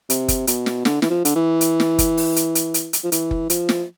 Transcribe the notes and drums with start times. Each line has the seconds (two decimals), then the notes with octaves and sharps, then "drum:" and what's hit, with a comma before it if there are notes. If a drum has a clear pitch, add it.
0.10 C3, drum: hi-hat
0.28 drum: kick F#1, hi-hat
0.47 B2, drum: hi-hat
0.66 drum: snare
0.85 D3, drum: snare
1.02 E3, drum: snare
1.10 F3
1.25 D3, drum: hi-hat
1.36 E3
1.61 drum: hi-hat
1.80 drum: snare
1.99 drum: kick F#1, hi-hat
2.17 drum: open hi-hat
2.36 drum: hi-hat
2.55 drum: hi-hat
2.74 drum: hi-hat
2.93 drum: hi-hat
3.04 F3
3.12 E3, drum: hi-hat
3.31 drum: kick F#1
3.50 F3, drum: hi-hat
3.69 drum: snare